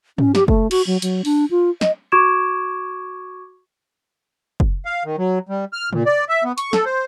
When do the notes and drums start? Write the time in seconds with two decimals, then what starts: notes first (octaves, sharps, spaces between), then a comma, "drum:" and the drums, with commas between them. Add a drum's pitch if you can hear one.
0.18 C#4, drum: tom
0.35 G4, drum: snare
0.48 A3, drum: kick
0.71 F#4, drum: cymbal
0.87 F#3
1.02 F#3, drum: hi-hat
1.25 D4, drum: open hi-hat
1.51 F4
1.81 D#5, drum: snare
2.12 F#4 C#6 D6 G#6 D7 E7
4.60 drum: kick
4.85 F5
5.05 D#3
5.18 F#3
5.49 G3
5.73 F6
5.93 A#2, drum: tom
6.06 D5
6.29 E5
6.44 B3
6.58 C#6, drum: hi-hat
6.73 A4, drum: snare
6.86 C5